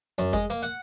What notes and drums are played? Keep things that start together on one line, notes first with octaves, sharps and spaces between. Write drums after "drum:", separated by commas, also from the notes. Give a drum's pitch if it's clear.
F#2, drum: hi-hat
G#3, drum: kick F#1, hi-hat
A#3, drum: hi-hat
F#5, drum: hi-hat